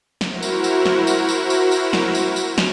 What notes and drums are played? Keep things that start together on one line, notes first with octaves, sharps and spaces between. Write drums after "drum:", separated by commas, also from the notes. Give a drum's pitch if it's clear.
E4 F#4 A#4 C5, drum: snare
drum: tambourine
drum: tambourine
drum: snare
drum: tambourine
drum: tambourine
drum: tambourine
drum: tambourine
drum: snare
drum: tambourine
drum: tambourine
drum: snare